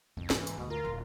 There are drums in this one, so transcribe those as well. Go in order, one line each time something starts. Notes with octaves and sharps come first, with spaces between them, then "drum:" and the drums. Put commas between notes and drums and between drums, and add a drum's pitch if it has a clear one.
C2 F2
G#2 C3 E3, drum: snare
drum: tambourine
D2 B2
F4 A#4
D#1